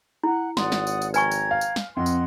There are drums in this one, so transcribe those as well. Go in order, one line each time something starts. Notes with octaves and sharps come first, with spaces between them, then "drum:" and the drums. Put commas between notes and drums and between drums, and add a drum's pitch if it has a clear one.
E4 F#5
G#1 D5 F#5 C6 D#6, drum: snare
drum: snare
drum: tambourine
drum: tambourine
B4 G5 G#5 A#5 C#6 G#6, drum: tambourine
drum: tambourine
F5
drum: tambourine
drum: snare
F2 C4 D#5 F#5 C6
drum: tambourine